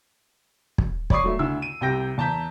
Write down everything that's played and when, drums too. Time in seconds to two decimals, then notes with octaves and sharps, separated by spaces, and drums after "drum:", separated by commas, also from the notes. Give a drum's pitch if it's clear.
0.78 drum: kick
1.10 C#5 D5 B5 C#6 D#6 C7, drum: kick
1.24 F#3 A3 E5
1.39 D2 D3 E4 E6
1.62 D#7
1.81 C2 C3 G5 G6 A#6 D7
2.18 E2 A5 A#5 G6 B6